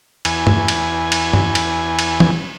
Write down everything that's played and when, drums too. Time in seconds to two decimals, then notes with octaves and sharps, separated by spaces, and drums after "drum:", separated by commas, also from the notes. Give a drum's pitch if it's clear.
0.25 E2 G#5, drum: cymbal
0.47 drum: tom G2
0.68 drum: cymbal
1.12 drum: cymbal
1.33 drum: tom G2
1.55 drum: cymbal
1.99 drum: cymbal
2.20 drum: tom